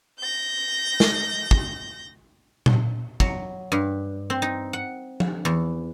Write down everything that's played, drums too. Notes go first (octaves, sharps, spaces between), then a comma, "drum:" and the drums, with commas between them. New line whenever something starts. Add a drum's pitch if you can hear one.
G6 A#6
drum: snare
drum: kick
drum: tom A#2
F#3, drum: kick
G2
C4
D#4
F#5
drum: tom F3
E2